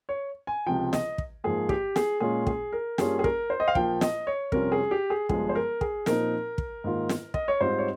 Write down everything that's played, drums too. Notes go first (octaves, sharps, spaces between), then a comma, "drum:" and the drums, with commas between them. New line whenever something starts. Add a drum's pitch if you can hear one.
C#5
G#5
C#2 C3 F3 G5
D#5, drum: snare
drum: kick
G#2 F3 A#3 G#4
G4, drum: kick
G#4, drum: snare
A#2 G#3 C#4 F4 G#4
G#4, drum: kick
A#4
G2 G3 A#3 C#4 F4 G#4, drum: snare
G#4
A#4, drum: kick
C5
D#5
F5
A#1 A#2 F3 A#3 G5, drum: kick
D#5, drum: snare
C#5
F2 C3 G3 C#4 F4 A#4, drum: kick
G#4
G4
G#4
G1 G2 F3 G#3 G#4, drum: kick
C5
A#4
G#4, drum: kick
A#2 F3 C4 D#4 A#4, drum: snare
drum: kick
G#2 D#3 A#3 F4
drum: snare
D#5, drum: kick
C#5
G#2 G3 C4 F4 C5
C#5